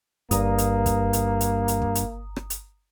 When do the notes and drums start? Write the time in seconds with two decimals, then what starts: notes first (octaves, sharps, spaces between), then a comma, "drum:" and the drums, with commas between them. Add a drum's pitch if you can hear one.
0.31 G1 G2 A#3 A#5 D#6, drum: hi-hat
0.58 drum: hi-hat
0.86 drum: kick, hi-hat
1.13 drum: hi-hat
1.41 drum: hi-hat
1.68 drum: hi-hat
1.82 drum: kick
1.95 drum: hi-hat
2.36 drum: rim click
2.50 drum: hi-hat